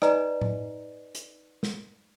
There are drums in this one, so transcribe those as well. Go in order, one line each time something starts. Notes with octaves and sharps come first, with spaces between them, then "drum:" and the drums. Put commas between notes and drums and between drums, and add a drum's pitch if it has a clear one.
D#4 B4 D5 D#5 G#5 A#5, drum: rim click
drum: tom A2
drum: hi-hat
drum: snare